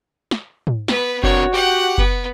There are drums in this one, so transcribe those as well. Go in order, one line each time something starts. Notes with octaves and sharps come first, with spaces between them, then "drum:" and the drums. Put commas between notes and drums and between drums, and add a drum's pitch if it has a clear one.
drum: snare
drum: tom
B3 B4, drum: snare
C4 D4 F#4 A#4 C#5, drum: kick F#1
G4 F#5
B3, drum: kick F#1